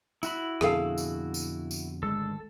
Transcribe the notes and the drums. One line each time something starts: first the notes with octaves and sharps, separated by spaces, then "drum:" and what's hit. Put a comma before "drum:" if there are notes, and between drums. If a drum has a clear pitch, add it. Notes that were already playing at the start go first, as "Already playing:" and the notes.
E4 F#4 B5, drum: tambourine
F2 B2 D3 G#4 A4 F5, drum: rim click
drum: tambourine
drum: tambourine
drum: tambourine
G#1 D2 G#3 A4